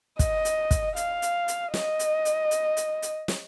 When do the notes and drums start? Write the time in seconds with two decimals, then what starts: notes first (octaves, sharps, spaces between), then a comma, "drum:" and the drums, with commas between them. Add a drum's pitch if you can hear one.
0.19 D#5, drum: kick, hi-hat
0.45 drum: hi-hat
0.71 drum: kick, hi-hat
0.96 F5, drum: hi-hat
1.22 drum: hi-hat
1.48 drum: hi-hat
1.74 D#5, drum: snare
1.99 drum: hi-hat
2.25 drum: hi-hat
2.51 drum: hi-hat
2.77 drum: hi-hat
3.02 drum: hi-hat
3.28 drum: snare